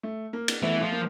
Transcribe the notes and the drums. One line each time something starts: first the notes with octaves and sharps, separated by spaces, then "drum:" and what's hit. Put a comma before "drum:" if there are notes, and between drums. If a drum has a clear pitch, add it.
A3
A#3
drum: cymbal
E3 A3 B3
A3
F3
A#3